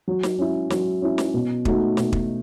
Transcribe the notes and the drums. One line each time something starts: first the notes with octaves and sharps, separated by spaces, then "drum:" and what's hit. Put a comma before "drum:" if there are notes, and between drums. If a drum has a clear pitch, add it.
F#3
drum: snare
C#4 E4
F#3, drum: snare
C#4 E4
drum: snare
B2
A3 D#4 F#4, drum: kick
B2, drum: snare
drum: kick